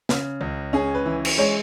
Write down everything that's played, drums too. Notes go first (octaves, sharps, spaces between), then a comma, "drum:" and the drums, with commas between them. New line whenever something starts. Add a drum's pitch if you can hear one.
C#3, drum: snare
C#2
C#4 G#4
B4
E3
drum: cymbal
G#3 C#5